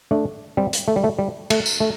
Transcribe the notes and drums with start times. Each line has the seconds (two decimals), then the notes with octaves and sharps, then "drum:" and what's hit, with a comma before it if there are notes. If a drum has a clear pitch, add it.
0.11 A3 D4
0.57 G3 C4
0.73 drum: hi-hat
0.88 A3
0.96 G3
1.04 A3
1.19 G3
1.50 A3, drum: cymbal
1.66 drum: tambourine
1.80 A3